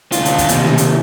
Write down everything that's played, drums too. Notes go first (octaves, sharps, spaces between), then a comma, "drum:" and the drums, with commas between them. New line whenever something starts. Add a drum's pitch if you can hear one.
D2 F4, drum: hi-hat
drum: hi-hat
drum: kick, hi-hat
D#2 C3, drum: hi-hat
drum: snare
drum: hi-hat